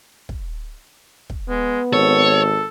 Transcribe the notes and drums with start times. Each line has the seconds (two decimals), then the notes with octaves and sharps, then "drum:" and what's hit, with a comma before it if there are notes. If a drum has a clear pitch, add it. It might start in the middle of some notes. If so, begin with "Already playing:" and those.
0.29 drum: kick
1.30 drum: kick
1.50 G#3 B3
1.93 G#1 A4 C#5